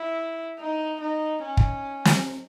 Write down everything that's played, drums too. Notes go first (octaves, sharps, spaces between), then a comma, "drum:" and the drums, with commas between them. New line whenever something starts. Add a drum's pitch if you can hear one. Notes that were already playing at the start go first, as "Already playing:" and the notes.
Already playing: E4
D#4
D#4
C#4
drum: kick
drum: snare